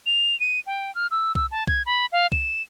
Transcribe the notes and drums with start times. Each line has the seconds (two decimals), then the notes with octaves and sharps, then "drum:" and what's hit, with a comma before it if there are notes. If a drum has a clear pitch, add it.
0.06 F7
0.40 D#7
0.67 G5
0.95 F6
1.11 E6
1.35 E6, drum: kick C2
1.51 A5
1.67 G#6, drum: kick C2
1.86 B5
2.12 F5
2.32 E7, drum: kick C2